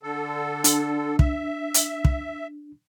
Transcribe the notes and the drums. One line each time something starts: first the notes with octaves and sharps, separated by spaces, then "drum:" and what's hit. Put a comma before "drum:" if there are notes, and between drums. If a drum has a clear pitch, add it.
D3 A4
D4, drum: hi-hat
E5, drum: kick
drum: hi-hat
drum: kick